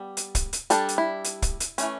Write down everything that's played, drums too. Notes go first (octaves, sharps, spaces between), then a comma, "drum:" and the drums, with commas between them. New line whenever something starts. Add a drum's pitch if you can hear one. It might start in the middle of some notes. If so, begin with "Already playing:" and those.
Already playing: G3 B3
drum: hi-hat
drum: kick, hi-hat
drum: hi-hat
G3 D4 A4, drum: hi-hat
drum: hi-hat
E4
drum: hi-hat
drum: kick, hi-hat
drum: hi-hat
E3 A3 C#4, drum: hi-hat